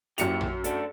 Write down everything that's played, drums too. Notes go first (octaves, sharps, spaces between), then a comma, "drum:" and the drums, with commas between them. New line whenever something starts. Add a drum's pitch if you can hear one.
F#2 A#2 E4 G4 C#7 F7, drum: hi-hat
drum: tom A#1
A3 D4 A4, drum: hi-hat